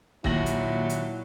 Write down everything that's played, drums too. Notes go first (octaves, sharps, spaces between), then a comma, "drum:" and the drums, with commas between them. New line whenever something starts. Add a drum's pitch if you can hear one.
D#2 A#2 F#3 E4 A#6 F#7, drum: kick
drum: hi-hat
drum: hi-hat